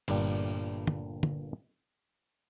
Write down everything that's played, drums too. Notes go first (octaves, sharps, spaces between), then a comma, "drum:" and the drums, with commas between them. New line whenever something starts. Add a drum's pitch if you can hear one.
G1 G2 A#2 D5 G5, drum: cymbal
drum: tom
drum: tom